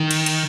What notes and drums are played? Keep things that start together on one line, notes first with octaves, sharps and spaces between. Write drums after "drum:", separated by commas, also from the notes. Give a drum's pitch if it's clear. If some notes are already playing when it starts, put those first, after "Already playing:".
Already playing: D#3
drum: cymbal
drum: cymbal